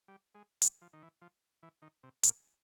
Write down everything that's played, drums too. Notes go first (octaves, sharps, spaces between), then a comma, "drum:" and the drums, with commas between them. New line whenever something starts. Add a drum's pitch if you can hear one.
G3
G#3
G3, drum: hi-hat
F3
D#3
E3
F3
E3
D#3
C3
A#2, drum: hi-hat